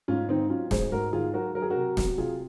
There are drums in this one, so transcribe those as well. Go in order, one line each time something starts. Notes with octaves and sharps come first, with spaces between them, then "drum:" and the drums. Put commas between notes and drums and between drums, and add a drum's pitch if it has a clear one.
G#2 C#4 F4
D#3 C4 D#4
F#3 C#4 F4
G#2 G#4 C5, drum: snare
G#2 F#4 A#4
D#3 F4 G#4
F#3 F#4 A#4
F#3 A#4
G#4
F#4 A#4
C3
F#3, drum: snare
C3 F4 G#4